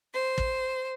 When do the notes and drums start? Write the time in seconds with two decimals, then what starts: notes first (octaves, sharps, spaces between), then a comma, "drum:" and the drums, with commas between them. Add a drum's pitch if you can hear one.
0.13 C5
0.38 drum: kick